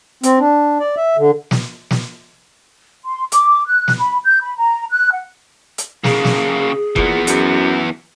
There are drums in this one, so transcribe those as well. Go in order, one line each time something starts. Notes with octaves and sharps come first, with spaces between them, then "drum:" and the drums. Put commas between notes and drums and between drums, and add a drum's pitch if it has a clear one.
C4, drum: hi-hat
D4
D5
E5
D3
drum: snare
drum: snare
C6
D6, drum: hi-hat
F#6
drum: snare
B5
G6
B5
A#5
F#6
F#5
drum: hi-hat
C#3 A#3 G#4, drum: snare
drum: snare
A#2 E3 B3, drum: kick F#1
F#2, drum: hi-hat